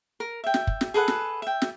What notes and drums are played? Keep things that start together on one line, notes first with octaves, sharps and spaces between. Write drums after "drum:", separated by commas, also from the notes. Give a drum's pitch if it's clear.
A#4
E5 G5
drum: snare
drum: kick
drum: snare
G#4 A4 B4 F#5
drum: snare
E5 G5
drum: snare